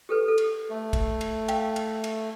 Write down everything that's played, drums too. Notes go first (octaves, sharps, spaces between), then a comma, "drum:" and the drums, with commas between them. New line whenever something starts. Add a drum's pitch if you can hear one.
G4 A4 B4
A4
drum: cymbal
A3
drum: kick, cymbal
drum: cymbal
F5 G5, drum: cymbal
drum: cymbal
drum: cymbal